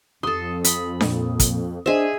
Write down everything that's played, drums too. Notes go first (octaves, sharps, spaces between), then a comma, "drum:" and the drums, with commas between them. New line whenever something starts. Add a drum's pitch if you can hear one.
F2 A4 C6 D#6
B5, drum: hi-hat
A#2, drum: snare D4
drum: kick, hi-hat
D4 G#4 C5 D#5 E5